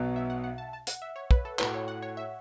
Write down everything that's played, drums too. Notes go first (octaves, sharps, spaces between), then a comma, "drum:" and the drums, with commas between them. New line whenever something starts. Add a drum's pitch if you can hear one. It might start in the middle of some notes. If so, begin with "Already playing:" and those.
Already playing: B1 B2 F#3 B3
E5
F#5
F#5
A5
A5
F#5, drum: hi-hat
E5
C#5
B4, drum: kick
A4
A2 A3 F#4 B4, drum: clap
C#5
F#5
C#5
E5